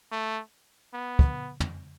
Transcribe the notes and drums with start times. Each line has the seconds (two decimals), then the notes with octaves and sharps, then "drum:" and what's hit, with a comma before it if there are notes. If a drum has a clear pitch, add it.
0.12 A3
0.94 B3
1.19 drum: kick
1.60 drum: tom